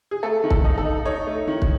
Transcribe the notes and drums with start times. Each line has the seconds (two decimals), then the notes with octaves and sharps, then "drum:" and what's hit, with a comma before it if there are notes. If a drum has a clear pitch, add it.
0.11 G#4
0.23 A3 A4
0.44 D#3
0.50 A4, drum: kick
0.65 D#4
0.78 A4
0.85 D#4
1.05 D#4 C#5
1.27 A3
1.47 D#3
1.62 drum: kick